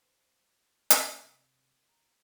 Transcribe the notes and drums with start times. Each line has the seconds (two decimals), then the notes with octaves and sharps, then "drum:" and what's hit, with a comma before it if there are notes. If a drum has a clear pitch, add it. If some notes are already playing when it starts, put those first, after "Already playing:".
0.02 C5
0.90 drum: hi-hat
1.00 B3
1.19 C3
1.89 A#5